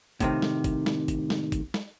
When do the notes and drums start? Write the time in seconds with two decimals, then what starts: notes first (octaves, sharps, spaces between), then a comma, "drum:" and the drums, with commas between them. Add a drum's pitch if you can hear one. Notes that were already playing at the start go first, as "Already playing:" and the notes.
0.20 A2 C3 D#3, drum: kick, hi-hat
0.42 drum: snare
0.64 drum: kick, hi-hat
0.86 drum: snare
1.08 drum: kick, hi-hat
1.30 drum: snare
1.52 drum: kick, hi-hat
1.74 drum: snare